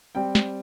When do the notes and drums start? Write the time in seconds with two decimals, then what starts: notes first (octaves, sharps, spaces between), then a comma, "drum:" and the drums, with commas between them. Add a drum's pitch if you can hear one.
0.15 G3 C4 G5
0.35 drum: snare